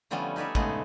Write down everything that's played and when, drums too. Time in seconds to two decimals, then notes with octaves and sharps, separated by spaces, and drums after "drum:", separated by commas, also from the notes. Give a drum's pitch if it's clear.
0.11 D3 F3 G3 A3 B3 C#4
0.36 D#4 B4 C#5 D5 E5
0.55 C#3 G#3 A3 B3, drum: kick